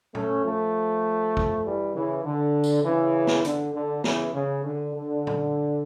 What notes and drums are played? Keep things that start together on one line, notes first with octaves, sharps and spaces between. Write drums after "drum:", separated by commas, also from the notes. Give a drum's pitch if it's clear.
A3 C#4, drum: tom A#2
F3 A3
drum: kick G#1
E3 G3
C#3 E3
D3
drum: tambourine
C#3 E3
drum: snare
D3, drum: hi-hat
D3
C#3 E3, drum: snare
C#3
D3
D3
drum: tom A#2